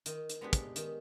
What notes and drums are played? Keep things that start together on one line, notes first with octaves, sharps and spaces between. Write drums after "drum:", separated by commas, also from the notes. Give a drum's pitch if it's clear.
D#3, drum: hi-hat
drum: hi-hat
G#3 B3 D4 G4
drum: kick, hi-hat
D#3, drum: hi-hat